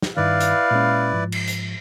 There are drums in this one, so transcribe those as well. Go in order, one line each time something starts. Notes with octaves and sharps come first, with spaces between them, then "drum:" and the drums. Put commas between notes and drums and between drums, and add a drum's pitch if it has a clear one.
drum: snare
G2 D#3 E4 B4 D5 F5
drum: hi-hat
A#2 G#3 C#4
G#2 F3
drum: cymbal
drum: hi-hat